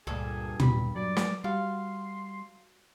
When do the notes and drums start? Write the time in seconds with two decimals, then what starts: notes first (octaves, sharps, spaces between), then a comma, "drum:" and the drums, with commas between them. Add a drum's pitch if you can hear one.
0.07 C#2 G2 A#2 G#4 A4
0.60 D#2 B5, drum: tom
0.96 F#3 D5
1.17 drum: snare
1.44 G3 F#4 F5 C6